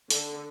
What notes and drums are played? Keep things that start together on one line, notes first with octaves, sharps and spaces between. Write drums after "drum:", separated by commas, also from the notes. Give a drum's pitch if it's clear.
D3, drum: hi-hat